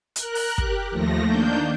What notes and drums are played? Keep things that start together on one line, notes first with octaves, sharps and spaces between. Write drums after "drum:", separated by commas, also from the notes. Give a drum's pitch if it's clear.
A#4 F#6, drum: hi-hat
drum: open hi-hat
G4, drum: kick
D#2 F3 A3 A#6
D#3 A#3 D4 G6